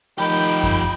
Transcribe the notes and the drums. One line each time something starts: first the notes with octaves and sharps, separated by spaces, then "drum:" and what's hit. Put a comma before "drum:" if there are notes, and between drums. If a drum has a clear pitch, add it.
D#3 F3 G4 G5 B5
drum: kick F#2